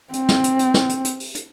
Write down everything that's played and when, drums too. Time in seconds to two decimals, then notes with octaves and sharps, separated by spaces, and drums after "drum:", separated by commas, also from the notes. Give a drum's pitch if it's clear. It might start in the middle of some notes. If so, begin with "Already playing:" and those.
0.13 C4, drum: hi-hat
0.29 drum: snare
0.44 drum: hi-hat
0.59 drum: hi-hat
0.74 drum: snare
0.89 drum: hi-hat
1.05 drum: hi-hat
1.20 drum: open hi-hat
1.35 drum: hi-hat